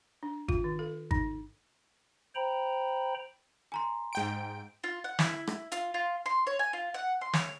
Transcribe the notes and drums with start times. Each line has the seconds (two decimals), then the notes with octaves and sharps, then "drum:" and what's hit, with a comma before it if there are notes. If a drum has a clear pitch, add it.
0.23 D4
0.48 F4, drum: kick G#1
0.64 D#3
0.79 A4
1.11 D#4, drum: kick G#1
2.35 C5 G5 A#5 B5
3.72 G#5 A#5 C6
4.13 G#2 G5 D7
4.84 F4
5.04 F#5
5.19 E4, drum: snare
5.47 drum: rim click
5.72 F4, drum: hi-hat
5.94 F4
6.26 C6
6.47 C#5
6.59 G#5
6.73 F4
6.94 F#5
7.21 C6
7.33 C#5, drum: snare